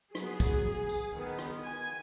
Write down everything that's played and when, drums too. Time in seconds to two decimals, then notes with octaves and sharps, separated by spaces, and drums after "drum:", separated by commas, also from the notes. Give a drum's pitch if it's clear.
0.15 F#3 G#4, drum: rim click
0.20 B3
0.40 drum: kick, tambourine
0.89 drum: tambourine
1.14 D#3 B3
1.38 drum: rim click
1.64 G#5